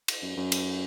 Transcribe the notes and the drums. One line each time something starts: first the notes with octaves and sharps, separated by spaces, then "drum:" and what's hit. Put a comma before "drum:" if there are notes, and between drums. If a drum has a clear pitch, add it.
drum: cymbal
F#2
F#2
drum: cymbal